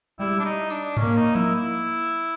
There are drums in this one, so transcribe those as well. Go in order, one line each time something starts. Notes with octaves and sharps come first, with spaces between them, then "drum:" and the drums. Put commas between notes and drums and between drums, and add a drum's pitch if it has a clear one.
G3 E4
D4
D#4
D4, drum: tambourine
A#3 C#4, drum: tom G#2
D#4
E4, drum: tom
E4